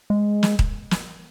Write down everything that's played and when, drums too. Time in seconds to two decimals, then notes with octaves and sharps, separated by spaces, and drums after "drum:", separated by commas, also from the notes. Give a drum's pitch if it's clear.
0.10 G#3
0.43 drum: snare
0.59 drum: kick D#1
0.91 drum: snare